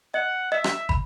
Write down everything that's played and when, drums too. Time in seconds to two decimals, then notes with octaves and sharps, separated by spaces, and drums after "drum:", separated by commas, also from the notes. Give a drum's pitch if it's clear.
0.14 D#5 F#5
0.52 D#5 E5
0.64 drum: rim click
0.89 B5, drum: kick